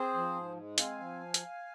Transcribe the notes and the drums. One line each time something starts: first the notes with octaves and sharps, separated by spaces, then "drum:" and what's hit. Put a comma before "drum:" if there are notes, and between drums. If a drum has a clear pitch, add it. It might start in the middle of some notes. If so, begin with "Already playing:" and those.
Already playing: C4 G#4 C5
F3
G#2
G#3
C4 F5 G#5, drum: hi-hat
F3
drum: hi-hat